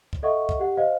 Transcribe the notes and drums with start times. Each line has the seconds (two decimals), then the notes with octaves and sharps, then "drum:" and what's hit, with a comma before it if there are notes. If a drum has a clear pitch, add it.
0.13 drum: kick
0.23 A4 D#5 E5 F#5 C#6
0.49 drum: kick
0.59 G4 F#5
0.77 C5 D#5 F5